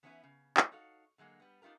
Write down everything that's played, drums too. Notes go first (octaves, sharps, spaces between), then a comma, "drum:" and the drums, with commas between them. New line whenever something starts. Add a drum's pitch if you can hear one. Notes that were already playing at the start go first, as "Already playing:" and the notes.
E3 B3 C#4 D#4 E4 B4
C#3
drum: clap
D#4 F#4 A4 C#5 F5
D3 F#3 G#3 A#3
G3 B3
D4 D#4 F4 G4 A#4